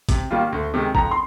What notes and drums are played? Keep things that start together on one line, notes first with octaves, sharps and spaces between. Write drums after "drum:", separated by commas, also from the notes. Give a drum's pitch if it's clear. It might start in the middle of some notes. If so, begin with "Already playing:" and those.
C3, drum: kick A1, hi-hat
D#3 G3 A#3 F4
D2
C3 D#3 G#3
F2 A#5, drum: kick A1
C6